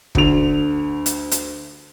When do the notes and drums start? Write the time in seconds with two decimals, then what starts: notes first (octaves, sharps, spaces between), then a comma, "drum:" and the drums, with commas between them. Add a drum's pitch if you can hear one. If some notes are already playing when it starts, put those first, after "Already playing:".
0.15 D2 D3 F7, drum: kick
1.06 drum: hi-hat
1.31 drum: hi-hat